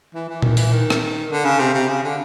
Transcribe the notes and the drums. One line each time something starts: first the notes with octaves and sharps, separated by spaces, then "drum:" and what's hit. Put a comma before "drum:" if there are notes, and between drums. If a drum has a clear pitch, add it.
E3
E3
D#3, drum: tom A#2
E3, drum: open hi-hat
D#3
drum: rim click
D3
C#3
C3
C3
C#3
D3